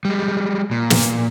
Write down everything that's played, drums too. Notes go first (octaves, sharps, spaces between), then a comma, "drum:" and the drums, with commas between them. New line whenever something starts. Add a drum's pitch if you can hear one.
G3 G#3
A#2
drum: snare